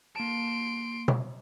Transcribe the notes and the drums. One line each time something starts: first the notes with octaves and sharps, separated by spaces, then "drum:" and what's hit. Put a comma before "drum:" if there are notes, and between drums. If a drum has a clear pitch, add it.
A#3 A5 C6 D7
drum: tom B2